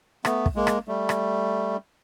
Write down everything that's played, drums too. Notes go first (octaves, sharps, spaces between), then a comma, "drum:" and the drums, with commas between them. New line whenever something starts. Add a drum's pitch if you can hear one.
A3 B3, drum: rim click
drum: kick
G#3 A#3
drum: rim click
G3 A3
drum: rim click